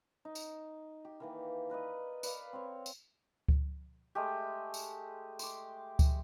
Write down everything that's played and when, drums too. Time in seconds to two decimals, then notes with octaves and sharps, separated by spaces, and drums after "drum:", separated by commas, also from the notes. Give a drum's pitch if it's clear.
0.25 D#4
0.35 drum: tambourine
1.05 G4
1.20 D#3 E3 A#3
1.69 A#4 B4 D5 D#5
2.23 B4 D5 F5 B5, drum: tambourine
2.53 C4 C#5
2.86 drum: tambourine
3.49 drum: kick C#2
4.15 G#3 A3 G4
4.74 drum: tambourine
5.39 C6 D6, drum: tambourine
5.99 drum: kick C#2, tambourine